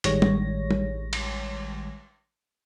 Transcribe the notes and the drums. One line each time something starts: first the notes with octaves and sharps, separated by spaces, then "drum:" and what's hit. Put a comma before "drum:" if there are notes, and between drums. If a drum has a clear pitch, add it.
A1 D#3 G3 G#3 C#5 A#6, drum: hi-hat
drum: tom G3
drum: tom G3
drum: cymbal